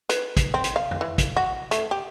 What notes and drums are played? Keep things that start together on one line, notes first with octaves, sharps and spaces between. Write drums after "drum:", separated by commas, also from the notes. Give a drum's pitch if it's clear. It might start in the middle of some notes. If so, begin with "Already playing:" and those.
B4, drum: hi-hat
drum: kick, hi-hat
C4
drum: hi-hat
F5
drum: tom F2
E3
drum: kick, hi-hat
F#4
A3, drum: hi-hat
G4